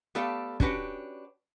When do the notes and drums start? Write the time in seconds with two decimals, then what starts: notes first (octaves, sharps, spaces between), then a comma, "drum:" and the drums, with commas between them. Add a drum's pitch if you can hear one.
0.15 A3 B3 G4 A4 D5 F5
0.60 C#4 D4 F#4 G4 B4 C#5, drum: kick